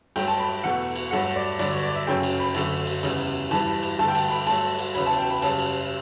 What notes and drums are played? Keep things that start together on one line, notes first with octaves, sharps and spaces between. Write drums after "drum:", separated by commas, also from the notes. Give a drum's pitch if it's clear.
G2 F#3 A3 G5, drum: cymbal
A5
B5
E2 B2 A3 F#5
drum: cymbal
G2 F#3 A3 F#5
D5
G2 D3 F#3 D5, drum: cymbal
C#5
D5
E5
F#2 C#3 F#3 A3 G5
drum: cymbal
B5
F#2 D3 F#3 A3, drum: cymbal
drum: cymbal
E2 C#3 G3, drum: cymbal
G2 E3 G3 A5, drum: cymbal
drum: cymbal
G2 D3 A3 A5
G5
A5, drum: cymbal
B5, drum: cymbal
G2 F#3 A3 A5, drum: cymbal
drum: cymbal
E2 C#3 F#3 B5, drum: cymbal
A5
G5
B5
F#2 C#3 G3 A5, drum: cymbal
drum: cymbal